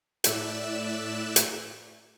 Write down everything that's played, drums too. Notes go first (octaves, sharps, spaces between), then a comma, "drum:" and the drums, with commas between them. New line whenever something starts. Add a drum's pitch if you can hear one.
A2 D5 E5 E6 F#6 E7, drum: hi-hat
drum: hi-hat